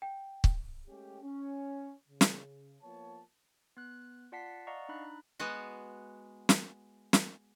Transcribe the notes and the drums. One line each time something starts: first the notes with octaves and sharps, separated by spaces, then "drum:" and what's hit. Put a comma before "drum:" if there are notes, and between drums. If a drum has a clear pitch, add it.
G5
drum: kick
G#3 A3 C#4 G4
C#4
C#3
drum: snare
F3 A#3 B3 C#5 A5
B3 F#6
F4 D5 F#5 A5 B6 C7
D5 D#5 F5 F#5 A#5 C#6
D4 D#4 B5 F#6
G#3 B3 F#4
drum: snare
drum: snare